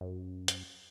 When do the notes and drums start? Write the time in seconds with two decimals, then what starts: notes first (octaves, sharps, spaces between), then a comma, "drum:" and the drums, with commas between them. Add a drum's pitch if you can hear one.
0.01 F#2
0.48 drum: hi-hat